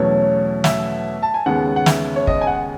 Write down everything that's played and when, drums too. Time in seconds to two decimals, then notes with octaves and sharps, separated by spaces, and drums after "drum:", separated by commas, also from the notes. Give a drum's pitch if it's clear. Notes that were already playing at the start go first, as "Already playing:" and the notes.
Already playing: E2 B2 F#3 A3 C#4 C#5
0.64 E5, drum: snare
1.23 A5
1.34 G#5
1.46 D#2 C#3 G#3 B3 F#5
1.76 F#5
1.86 E5, drum: snare
2.16 C#5
2.27 D#5, drum: kick
2.41 G#5
2.47 F#5